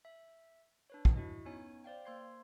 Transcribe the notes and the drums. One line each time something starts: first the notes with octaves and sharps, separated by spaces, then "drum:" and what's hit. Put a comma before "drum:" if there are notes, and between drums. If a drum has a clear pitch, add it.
E5
D4 B4 C#5
drum: kick
E4 F#4 D#5
B3 C#4 D#4 C#5 G#5
C5 D5 F5 G5
A#3 C5 C6 G#6 C7